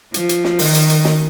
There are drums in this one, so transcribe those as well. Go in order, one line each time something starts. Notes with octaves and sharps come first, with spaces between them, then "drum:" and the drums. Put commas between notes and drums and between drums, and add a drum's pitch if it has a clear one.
F3, drum: hi-hat
drum: hi-hat
drum: snare
D#3, drum: open hi-hat
drum: hi-hat
drum: hi-hat
drum: snare